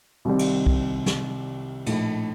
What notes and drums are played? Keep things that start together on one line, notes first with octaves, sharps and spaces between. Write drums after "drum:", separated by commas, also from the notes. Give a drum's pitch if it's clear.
C2 C3 D#3 G3 C4
drum: cymbal
drum: kick B1
drum: snare
A#1 A2 A3 D#4, drum: cymbal